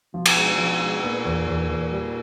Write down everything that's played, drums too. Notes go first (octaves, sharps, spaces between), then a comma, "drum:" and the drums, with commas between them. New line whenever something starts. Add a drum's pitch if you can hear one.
B2 F3
drum: cymbal
G#3
F3
G#3
A#2 B3
E2
E2
E2
G3